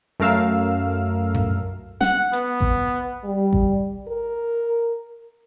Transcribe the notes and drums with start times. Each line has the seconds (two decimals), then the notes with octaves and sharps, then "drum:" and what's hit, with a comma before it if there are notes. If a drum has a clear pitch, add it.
0.20 F#2 A3 A#4 F5 E6
1.34 drum: tom G2
2.01 F#5, drum: snare
2.33 B3, drum: hi-hat
2.61 drum: kick A1
3.24 G3
3.53 drum: kick A1
4.08 A#4